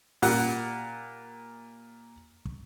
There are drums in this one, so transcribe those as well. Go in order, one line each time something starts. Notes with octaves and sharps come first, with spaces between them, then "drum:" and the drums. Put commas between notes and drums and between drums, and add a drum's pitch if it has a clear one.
A#2 G3 F#5, drum: open hi-hat
drum: kick